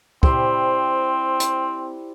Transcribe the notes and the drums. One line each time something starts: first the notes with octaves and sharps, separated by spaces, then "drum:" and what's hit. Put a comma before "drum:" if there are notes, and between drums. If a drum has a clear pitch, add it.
G3 C4 E4 C5, drum: kick
drum: hi-hat